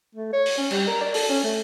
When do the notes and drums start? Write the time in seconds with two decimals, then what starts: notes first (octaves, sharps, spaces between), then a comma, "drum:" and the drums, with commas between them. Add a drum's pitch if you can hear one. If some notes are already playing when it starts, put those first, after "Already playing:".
0.15 A3
0.33 C#5
0.46 drum: open hi-hat
0.58 C#4
0.71 G3, drum: cymbal
0.87 A#4
1.01 D5
1.14 A4, drum: open hi-hat
1.29 C#4
1.44 A3